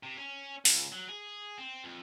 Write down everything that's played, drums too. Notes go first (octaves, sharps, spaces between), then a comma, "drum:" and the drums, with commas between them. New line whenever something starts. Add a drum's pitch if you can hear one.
C3
C#4
C#2, drum: open hi-hat
F#3
G#4
C4
F2